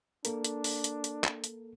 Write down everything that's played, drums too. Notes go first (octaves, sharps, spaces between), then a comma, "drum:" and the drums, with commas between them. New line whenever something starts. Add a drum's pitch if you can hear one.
A#3 D4 A4 A#4, drum: hi-hat
drum: hi-hat
drum: open hi-hat
drum: hi-hat
drum: hi-hat
drum: clap
drum: hi-hat